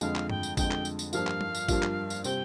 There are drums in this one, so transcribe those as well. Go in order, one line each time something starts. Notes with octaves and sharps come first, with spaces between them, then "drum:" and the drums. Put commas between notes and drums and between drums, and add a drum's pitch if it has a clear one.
F2 D3 G#3 F5, drum: tambourine
drum: clap
G5, drum: tom G2
drum: tambourine
F2 D3 G#3 G5, drum: kick, tambourine
drum: clap
drum: tambourine
drum: tambourine
G2 F3 A#3 F4 F5, drum: tambourine
drum: clap
drum: tom G3
drum: tambourine
G2 F3 A#3 F4, drum: kick, tambourine
drum: clap
drum: tambourine
C3 G3 C4 G5, drum: tambourine